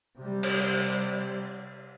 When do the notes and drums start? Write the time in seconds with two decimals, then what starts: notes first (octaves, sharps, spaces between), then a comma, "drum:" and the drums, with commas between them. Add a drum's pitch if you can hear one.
0.18 C3 G3
0.43 drum: cymbal